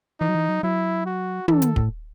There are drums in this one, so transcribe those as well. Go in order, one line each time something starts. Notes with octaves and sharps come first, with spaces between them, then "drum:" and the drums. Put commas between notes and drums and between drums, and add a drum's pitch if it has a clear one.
E3 D#4
F#3
E3
F#3
F#3 E4
F#4
E3 A4, drum: tom
D#3, drum: hi-hat
A2, drum: kick